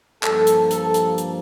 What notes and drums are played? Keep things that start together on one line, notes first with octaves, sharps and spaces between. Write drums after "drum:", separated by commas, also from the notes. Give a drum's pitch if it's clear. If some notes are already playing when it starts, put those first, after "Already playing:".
G2 F3 A#3 A4, drum: clap
drum: hi-hat
A4, drum: hi-hat
drum: hi-hat
drum: hi-hat